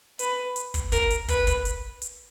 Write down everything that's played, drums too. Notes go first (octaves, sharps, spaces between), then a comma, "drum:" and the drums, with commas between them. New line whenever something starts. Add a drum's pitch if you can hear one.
B4, drum: hi-hat
drum: hi-hat
drum: kick, hi-hat
A#4, drum: kick, hi-hat
drum: hi-hat
B4, drum: kick, hi-hat
drum: kick, hi-hat
drum: hi-hat
drum: hi-hat